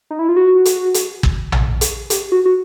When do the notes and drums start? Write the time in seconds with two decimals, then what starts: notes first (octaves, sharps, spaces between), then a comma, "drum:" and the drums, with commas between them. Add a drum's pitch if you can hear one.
0.10 D#4
0.19 E4
0.29 F4
0.37 F#4
0.65 drum: hi-hat
0.94 drum: hi-hat
1.23 drum: kick
1.52 drum: tom
1.81 drum: hi-hat
2.10 G4, drum: hi-hat
2.32 F#4
2.45 F#4